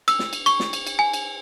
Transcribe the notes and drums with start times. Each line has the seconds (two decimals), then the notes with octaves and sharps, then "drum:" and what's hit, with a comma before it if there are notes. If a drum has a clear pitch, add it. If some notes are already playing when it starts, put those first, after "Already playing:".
0.08 E6, drum: cymbal
0.19 drum: snare
0.33 drum: cymbal
0.46 C#6, drum: cymbal
0.60 drum: snare
0.73 drum: cymbal
0.87 drum: cymbal
0.99 G#5
1.13 drum: cymbal